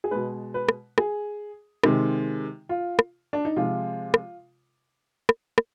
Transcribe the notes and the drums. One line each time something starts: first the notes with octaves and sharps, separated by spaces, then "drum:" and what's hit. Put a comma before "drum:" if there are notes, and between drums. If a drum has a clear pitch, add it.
G#4
B2 G#3 B4
B4
drum: rim click
G#4, drum: rim click
C3 D#3 G#3, drum: rim click
F4
drum: rim click
D4
D#4
C3 F3 G#3 F4
drum: rim click
drum: rim click
drum: rim click